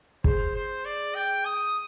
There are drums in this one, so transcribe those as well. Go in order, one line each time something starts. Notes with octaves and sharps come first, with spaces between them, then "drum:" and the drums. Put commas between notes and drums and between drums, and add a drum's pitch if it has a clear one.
G#4 C5, drum: kick
C5
D5
G5
D#6